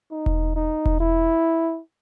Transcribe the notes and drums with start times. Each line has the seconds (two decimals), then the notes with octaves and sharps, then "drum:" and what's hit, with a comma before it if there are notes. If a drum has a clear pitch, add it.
0.11 D#4
0.26 drum: kick E1
0.56 D#4
0.86 drum: kick E1
1.00 E4